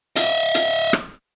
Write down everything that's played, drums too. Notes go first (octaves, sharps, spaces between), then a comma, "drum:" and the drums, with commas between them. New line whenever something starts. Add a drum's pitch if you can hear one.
D#5 E5, drum: hi-hat
drum: hi-hat
drum: rim click